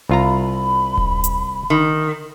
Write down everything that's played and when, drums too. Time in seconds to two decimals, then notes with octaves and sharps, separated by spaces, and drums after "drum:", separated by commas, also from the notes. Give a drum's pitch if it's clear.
0.09 C2 F4 A#5 B5
0.97 drum: kick D#1
1.24 drum: hi-hat
1.70 D#3